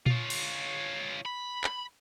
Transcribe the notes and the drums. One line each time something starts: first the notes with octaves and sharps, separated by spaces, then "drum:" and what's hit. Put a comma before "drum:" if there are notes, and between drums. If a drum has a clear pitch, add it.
F4 C#5, drum: tom A#2
drum: cymbal
B5
drum: clap